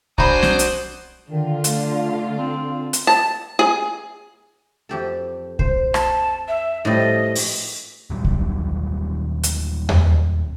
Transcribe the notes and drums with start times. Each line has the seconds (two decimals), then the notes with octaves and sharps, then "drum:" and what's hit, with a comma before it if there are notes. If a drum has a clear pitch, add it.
0.18 D4 F#4 C5 G#5 A#5 B5 D#6 G6, drum: kick
0.43 drum: snare
0.59 drum: hi-hat
1.30 D3 D#3 F4
1.64 A3, drum: hi-hat
2.38 C4
2.93 drum: hi-hat
3.07 A5
3.59 G#4
4.89 F2 G4 A4
5.59 C5, drum: kick
5.94 A5, drum: rim click
6.48 E5
6.85 A2 F3 G3 D#5
7.35 drum: open hi-hat
8.10 D#1 A#2 F#3 G3
8.24 drum: kick
9.43 drum: hi-hat
9.89 drum: tom E2